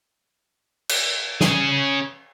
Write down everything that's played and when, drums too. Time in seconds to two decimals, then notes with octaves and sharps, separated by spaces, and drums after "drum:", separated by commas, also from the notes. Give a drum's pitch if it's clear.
0.89 drum: cymbal
1.41 C#4 G#4, drum: snare